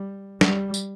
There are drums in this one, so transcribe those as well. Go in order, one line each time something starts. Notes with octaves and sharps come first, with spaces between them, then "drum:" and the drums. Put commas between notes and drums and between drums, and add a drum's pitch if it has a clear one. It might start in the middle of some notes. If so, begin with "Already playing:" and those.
Already playing: G3
G3, drum: snare
drum: tambourine